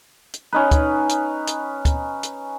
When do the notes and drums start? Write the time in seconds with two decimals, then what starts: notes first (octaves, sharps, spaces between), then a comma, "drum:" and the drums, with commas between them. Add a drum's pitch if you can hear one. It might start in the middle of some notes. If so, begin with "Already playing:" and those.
0.34 drum: hi-hat
0.53 C#4 D#4 B4
0.71 drum: kick, hi-hat
1.09 drum: hi-hat
1.47 drum: hi-hat
1.85 drum: kick, hi-hat
2.23 drum: hi-hat